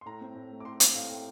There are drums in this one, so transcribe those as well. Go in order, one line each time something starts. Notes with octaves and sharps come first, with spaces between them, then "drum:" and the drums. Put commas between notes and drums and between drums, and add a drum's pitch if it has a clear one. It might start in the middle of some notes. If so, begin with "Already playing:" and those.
C6
A2 A#5
C4
A2
A3
D6
A2 C6
C4 D6, drum: hi-hat
A2 F5
A3 G5